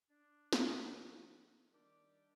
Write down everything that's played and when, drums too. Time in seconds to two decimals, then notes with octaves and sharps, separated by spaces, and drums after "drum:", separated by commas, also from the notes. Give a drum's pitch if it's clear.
0.10 D4
0.53 F3 F#4, drum: snare
1.72 D#3 G3 D4 G4 D5